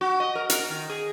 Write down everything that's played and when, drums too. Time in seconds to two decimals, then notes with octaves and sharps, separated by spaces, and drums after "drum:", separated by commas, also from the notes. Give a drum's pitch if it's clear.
0.01 F#4
0.20 D#5
0.35 A#4
0.50 A#4, drum: hi-hat
0.70 D#3
0.90 G#4